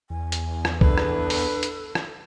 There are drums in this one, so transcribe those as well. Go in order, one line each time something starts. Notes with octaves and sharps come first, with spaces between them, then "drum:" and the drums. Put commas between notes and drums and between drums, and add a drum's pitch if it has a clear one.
E2 G#5
drum: hi-hat
drum: rim click
D4 A4 B4, drum: kick C2
drum: rim click
drum: open hi-hat
drum: hi-hat
drum: rim click